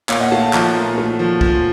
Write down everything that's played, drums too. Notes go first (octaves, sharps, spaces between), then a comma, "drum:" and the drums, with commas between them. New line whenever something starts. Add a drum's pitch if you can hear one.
A#2 C#5 F5, drum: clap
D#5 F#5
A3 F5 A5
F5 A5
F3 A#5 C#6, drum: clap
A#2
A3
F3
F3, drum: kick